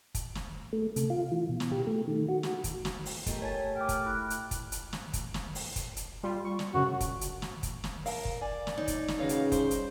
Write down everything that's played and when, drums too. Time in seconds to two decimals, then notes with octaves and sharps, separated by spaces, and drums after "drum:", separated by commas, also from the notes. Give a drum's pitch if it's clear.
0.15 drum: kick, hi-hat
0.35 drum: snare
0.73 A3
0.96 C3, drum: hi-hat
1.10 F4
1.31 E3
1.49 B2
1.60 drum: snare
1.72 G4
1.87 A3
2.08 D#3
2.29 F#4
2.43 drum: snare
2.64 drum: kick, hi-hat
2.85 drum: snare
3.06 drum: open hi-hat
3.26 A3 G4 A#4 D#5, drum: kick, hi-hat
3.42 C#5 G#5 A5 A6
3.76 G5 D6 F6
3.89 drum: kick, hi-hat
4.06 E4 F#6
4.30 drum: hi-hat
4.51 drum: kick, hi-hat
4.72 drum: hi-hat
4.93 drum: snare
5.13 drum: kick, hi-hat
5.34 drum: snare
5.55 drum: open hi-hat
5.76 drum: kick, hi-hat
5.97 drum: hi-hat
6.23 G3 F4
6.45 C#6
6.59 drum: snare
6.74 F#2 C#3 F#4
7.00 drum: kick, hi-hat
7.21 drum: hi-hat
7.42 drum: snare
7.63 drum: kick, hi-hat
7.84 drum: snare
8.06 A#4 F5 A5, drum: open hi-hat
8.25 drum: kick
8.41 D5 G#5
8.67 drum: snare
8.77 D#4 C#5
8.88 drum: kick, hi-hat
9.08 drum: snare
9.19 C#3 F#4 B4 C#5 F5
9.29 drum: hi-hat
9.52 G3 C5, drum: kick, hi-hat
9.71 drum: hi-hat